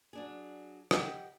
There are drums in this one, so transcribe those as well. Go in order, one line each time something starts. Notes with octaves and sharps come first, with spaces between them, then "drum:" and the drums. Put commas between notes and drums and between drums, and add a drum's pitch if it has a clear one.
F#3 D4 G#4
G4 D#5 F#5 G5, drum: rim click